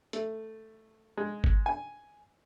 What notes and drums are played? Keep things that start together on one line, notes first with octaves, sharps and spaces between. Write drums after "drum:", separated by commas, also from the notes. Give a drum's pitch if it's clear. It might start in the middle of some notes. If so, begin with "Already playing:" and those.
A3, drum: hi-hat
G#3
drum: kick G1
G#5